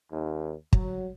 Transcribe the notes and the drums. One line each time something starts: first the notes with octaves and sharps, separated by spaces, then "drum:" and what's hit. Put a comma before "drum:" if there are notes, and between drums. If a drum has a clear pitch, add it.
D#2
F#3, drum: kick